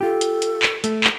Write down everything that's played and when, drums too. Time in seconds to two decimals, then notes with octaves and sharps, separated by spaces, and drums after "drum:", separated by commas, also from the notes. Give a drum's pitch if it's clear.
0.01 F4 G4 A4
0.21 drum: hi-hat
0.42 drum: hi-hat
0.63 drum: clap
0.84 A3, drum: hi-hat
1.04 drum: clap